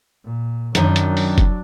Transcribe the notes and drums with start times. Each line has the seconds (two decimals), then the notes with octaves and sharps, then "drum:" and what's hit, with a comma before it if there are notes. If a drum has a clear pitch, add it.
0.24 A#2
0.75 F#2 D#3 F#3 D4, drum: hi-hat
0.96 drum: hi-hat
1.17 drum: open hi-hat
1.38 drum: kick, hi-hat